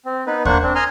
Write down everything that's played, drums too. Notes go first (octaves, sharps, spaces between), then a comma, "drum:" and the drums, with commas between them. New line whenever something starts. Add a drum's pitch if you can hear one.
C4
B3 D#4 B4
A#3 D4 C5 F#5 C#6, drum: kick D#2
C4 D4
G#5 A#5 C6 D#6 F6